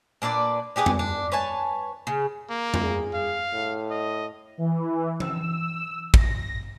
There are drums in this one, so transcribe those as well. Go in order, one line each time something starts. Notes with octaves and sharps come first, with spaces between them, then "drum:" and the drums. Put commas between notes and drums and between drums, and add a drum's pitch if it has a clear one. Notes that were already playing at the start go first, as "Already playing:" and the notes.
A#2 D4 B4 D5
D4 G4 G#4 B4
drum: tom F2
D4
B4 C#5 G#5 A5
C#3
A#3
drum: tom F2
G#4
F5
A2
D#5
E3
E6, drum: tom E3
A#6, drum: kick